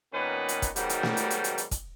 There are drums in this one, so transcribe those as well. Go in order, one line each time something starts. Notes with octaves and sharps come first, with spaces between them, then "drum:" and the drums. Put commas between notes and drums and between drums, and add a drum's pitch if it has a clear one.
A#2 D#3 B3 C#4 B4
drum: hi-hat
drum: kick, hi-hat
G#2 B2 D#3 F#3 G3, drum: hi-hat
drum: hi-hat
drum: snare
drum: hi-hat
drum: hi-hat
drum: hi-hat
drum: hi-hat
drum: kick, hi-hat